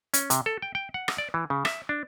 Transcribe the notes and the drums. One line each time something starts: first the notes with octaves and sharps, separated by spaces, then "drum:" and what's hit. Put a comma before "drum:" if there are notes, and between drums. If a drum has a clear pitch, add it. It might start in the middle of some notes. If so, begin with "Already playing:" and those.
C#4, drum: hi-hat
C3, drum: hi-hat
A4
G5
G5
F#5
drum: rim click
D5
E3
C#3
E5, drum: rim click
D4